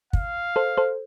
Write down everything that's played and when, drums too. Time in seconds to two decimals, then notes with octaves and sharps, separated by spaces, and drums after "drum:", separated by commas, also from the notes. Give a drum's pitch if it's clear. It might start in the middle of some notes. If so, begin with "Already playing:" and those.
0.13 F5, drum: kick
0.56 A4 C5
0.78 A4 C5